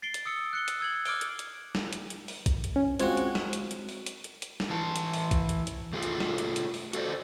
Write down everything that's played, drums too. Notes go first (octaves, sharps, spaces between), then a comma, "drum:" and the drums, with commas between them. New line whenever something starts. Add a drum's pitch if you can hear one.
A6 C7 D7 G7
drum: hi-hat
D#6 E6 C#7
F#6 C#7 G7
drum: hi-hat
E6 G#6 F#7
D6 F6 D7 G7, drum: open hi-hat
drum: hi-hat
drum: hi-hat
drum: snare
drum: hi-hat
drum: hi-hat
drum: open hi-hat
drum: kick, hi-hat
drum: hi-hat
C#4
G#3 C4 F4 F#4 C#5, drum: hi-hat
drum: hi-hat
drum: snare
drum: hi-hat
drum: hi-hat
drum: open hi-hat
drum: hi-hat
drum: hi-hat
drum: hi-hat
drum: snare
E3 E4 A5
drum: hi-hat
drum: open hi-hat
drum: kick, hi-hat
drum: hi-hat
drum: hi-hat
A3 F4 G#4
drum: hi-hat
drum: snare
drum: hi-hat
drum: hi-hat
drum: open hi-hat
F#4 A4 C5 D5, drum: hi-hat